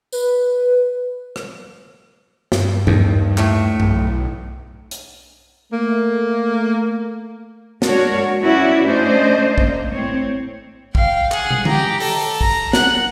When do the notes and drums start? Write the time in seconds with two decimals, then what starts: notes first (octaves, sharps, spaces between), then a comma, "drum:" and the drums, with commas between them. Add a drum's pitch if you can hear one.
0.12 B4, drum: tambourine
1.36 drum: rim click
2.52 G2, drum: snare
2.87 D#2, drum: tom G2
3.38 A2 A3, drum: clap
3.80 B1, drum: tom G2
4.91 drum: hi-hat
5.73 A3 A#3
7.82 G#3 A#3 D4 F#4 A#4 C#5, drum: snare
8.41 B3 C#4 E4 F#4 D5 E5
8.85 A3 C#4 D4 C5 D5 D#5
9.58 A#3, drum: kick
9.94 A2 C4 C#5
10.95 F5 G5, drum: kick
11.32 G#4 F#5, drum: clap
11.50 drum: tom
11.65 G4 A#5, drum: tom
12.00 A4, drum: open hi-hat
12.41 A#5, drum: kick
12.73 F#5 F#6, drum: snare